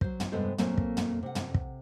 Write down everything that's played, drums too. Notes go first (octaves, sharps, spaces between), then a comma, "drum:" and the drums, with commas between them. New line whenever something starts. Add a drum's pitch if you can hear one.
F#3 C5, drum: kick
drum: tom
G2 C3 G#3 B3 A4 C5
A#2 F#3 A3 A#3 C4, drum: tom
drum: kick
drum: tom
C3 F#5
drum: tom
drum: kick